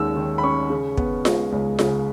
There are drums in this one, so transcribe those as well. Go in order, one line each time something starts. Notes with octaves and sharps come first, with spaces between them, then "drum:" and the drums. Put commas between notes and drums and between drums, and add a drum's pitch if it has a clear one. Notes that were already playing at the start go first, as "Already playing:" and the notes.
Already playing: D#2 D#3 G#3 C#4 E6
D#3
B5
C#4 C#6
C#3
B3, drum: kick
G#3, drum: snare F4
C#2
C#3, drum: snare F4